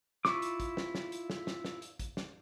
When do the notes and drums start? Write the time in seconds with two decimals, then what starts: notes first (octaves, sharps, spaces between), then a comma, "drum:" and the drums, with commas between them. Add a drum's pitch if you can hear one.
0.25 E4 F4 C#6 D6, drum: snare
0.42 drum: hi-hat
0.60 drum: kick A1, hi-hat
0.77 drum: snare
0.95 drum: snare
1.12 drum: hi-hat
1.30 drum: snare
1.47 drum: snare
1.65 drum: snare
1.82 drum: hi-hat
1.99 drum: kick A1, hi-hat
2.17 drum: snare